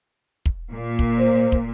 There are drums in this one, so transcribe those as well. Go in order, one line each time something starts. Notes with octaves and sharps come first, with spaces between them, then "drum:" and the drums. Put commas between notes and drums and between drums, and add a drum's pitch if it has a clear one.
drum: kick
A#2
drum: kick
C5
drum: kick